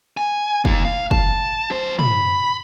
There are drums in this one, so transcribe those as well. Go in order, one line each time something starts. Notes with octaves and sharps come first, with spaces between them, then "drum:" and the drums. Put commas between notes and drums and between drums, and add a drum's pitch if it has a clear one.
G#5
A#3 D#4, drum: kick
F5
A5, drum: kick
F#2 C5
B5, drum: tom